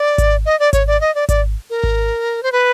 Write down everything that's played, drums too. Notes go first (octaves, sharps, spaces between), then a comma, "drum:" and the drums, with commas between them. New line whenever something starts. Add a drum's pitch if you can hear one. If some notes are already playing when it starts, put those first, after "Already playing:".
Already playing: D5
drum: kick G#1, hi-hat
D#5
D5
C#5, drum: kick G#1, hi-hat
D5
D#5
D5
D5, drum: kick G#1, hi-hat
A#4
drum: kick G#1
C5
B4